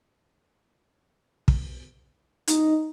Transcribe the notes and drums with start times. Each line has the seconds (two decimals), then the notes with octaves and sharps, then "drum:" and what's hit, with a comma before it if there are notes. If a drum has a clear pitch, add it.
1.48 drum: kick
2.48 D#4, drum: hi-hat